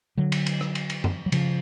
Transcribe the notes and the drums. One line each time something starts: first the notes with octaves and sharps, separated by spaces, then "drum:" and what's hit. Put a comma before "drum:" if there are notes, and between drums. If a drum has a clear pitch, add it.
D3 F#3
drum: cymbal
drum: cymbal
drum: rim click
drum: cymbal
drum: cymbal
drum: tom F#2
F#3
C#3 F3, drum: cymbal